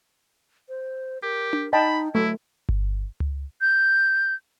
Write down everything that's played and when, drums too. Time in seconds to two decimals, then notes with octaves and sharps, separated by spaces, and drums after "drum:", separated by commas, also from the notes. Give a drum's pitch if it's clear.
0.69 C5
1.23 G4 A#4
1.53 drum: tom D4
1.73 D#4 D#5 G5 A5 B5
2.15 F#3 A3 E4
2.69 drum: kick G1
3.20 drum: tom C#2
3.61 G6